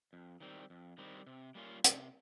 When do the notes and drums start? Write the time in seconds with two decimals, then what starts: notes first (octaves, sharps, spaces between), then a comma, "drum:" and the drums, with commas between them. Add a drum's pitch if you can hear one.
0.13 F2
0.40 D#3 G3 C4
0.70 F2
0.98 D#3 G3 C4
1.27 C3
1.55 G3 A#3 C#4 F4
1.84 C3, drum: hi-hat